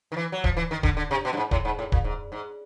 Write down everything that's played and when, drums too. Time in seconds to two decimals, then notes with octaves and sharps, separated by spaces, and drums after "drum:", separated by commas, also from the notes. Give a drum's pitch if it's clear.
0.12 D#3
0.16 E3
0.32 F#3
0.44 F3, drum: kick D1
0.57 E3
0.71 D#3
0.83 D3, drum: kick D1
0.97 D3
1.11 C3
1.25 B2
1.33 G2
1.37 G#2
1.51 A2, drum: kick D1
1.65 G#2
1.79 A2
1.92 A#2, drum: kick D1
2.04 G#2
2.32 G#2